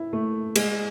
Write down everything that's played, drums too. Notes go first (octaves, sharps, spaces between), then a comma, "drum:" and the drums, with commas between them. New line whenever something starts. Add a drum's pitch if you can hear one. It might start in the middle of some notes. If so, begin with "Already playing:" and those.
Already playing: E4
A3
G#3, drum: cymbal